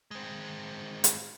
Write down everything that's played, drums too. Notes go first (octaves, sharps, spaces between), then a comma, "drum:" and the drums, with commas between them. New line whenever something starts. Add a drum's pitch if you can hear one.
G#3 C4
drum: hi-hat